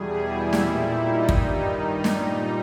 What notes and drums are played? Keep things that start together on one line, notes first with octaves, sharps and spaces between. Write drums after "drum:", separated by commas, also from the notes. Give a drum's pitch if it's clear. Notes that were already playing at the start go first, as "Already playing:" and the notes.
Already playing: E2 B2 G3 G#4
E4
A#2 G3, drum: snare
D#4
G2 D#3 G3, drum: kick
D#4
A#2 G3, drum: snare